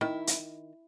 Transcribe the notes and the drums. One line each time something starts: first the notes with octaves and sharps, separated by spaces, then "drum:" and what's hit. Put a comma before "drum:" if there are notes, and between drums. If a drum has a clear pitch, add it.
D#3 E4
drum: hi-hat